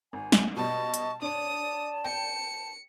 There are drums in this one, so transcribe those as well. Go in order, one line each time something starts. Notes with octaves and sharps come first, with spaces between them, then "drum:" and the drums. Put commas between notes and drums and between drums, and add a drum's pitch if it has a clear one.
G#1 G#5
drum: snare
B2 G3 D#5 A5 C#6
drum: hi-hat
D4 C#5 D5 A5 D#6
G5 C#7